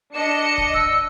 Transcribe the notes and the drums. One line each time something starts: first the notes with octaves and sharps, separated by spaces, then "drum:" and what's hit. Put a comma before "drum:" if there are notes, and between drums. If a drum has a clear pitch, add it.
D4 D#5 C#7 E7
drum: kick
E6, drum: kick